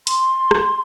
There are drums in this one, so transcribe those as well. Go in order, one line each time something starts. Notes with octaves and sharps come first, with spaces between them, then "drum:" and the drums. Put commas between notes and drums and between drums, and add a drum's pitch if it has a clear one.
C6, drum: hi-hat
drum: rim click